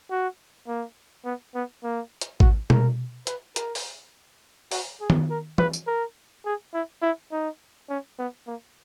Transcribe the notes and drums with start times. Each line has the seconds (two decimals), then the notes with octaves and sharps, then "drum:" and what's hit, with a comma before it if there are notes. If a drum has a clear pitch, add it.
0.10 F#4
0.67 A#3
1.25 B3
1.55 B3
1.83 A#3
2.21 drum: hi-hat
2.40 F#4, drum: kick G#1
2.70 A#4, drum: tom B2
3.27 B4, drum: hi-hat
3.56 A#4, drum: hi-hat
3.75 drum: open hi-hat
4.71 F#4, drum: open hi-hat
5.00 G#4
5.10 drum: tom D#3
5.30 A#4
5.58 B4, drum: tom E3
5.73 drum: tambourine
5.87 A#4
6.45 G#4
6.73 E4
7.02 E4
7.32 D#4
7.89 C#4
8.19 B3
8.47 A#3